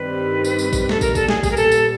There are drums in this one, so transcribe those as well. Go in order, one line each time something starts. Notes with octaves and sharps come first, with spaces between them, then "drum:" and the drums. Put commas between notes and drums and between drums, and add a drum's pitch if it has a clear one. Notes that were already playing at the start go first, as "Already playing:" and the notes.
Already playing: G2 D#3 G3 C4 B4
drum: tambourine
drum: tambourine
drum: kick, tambourine
A4, drum: snare
A#2 G3 B3 A#4, drum: kick, tambourine
A4, drum: kick, tambourine
G#4, drum: snare
G#4, drum: kick, tambourine
A#4
A4, drum: tambourine
drum: tambourine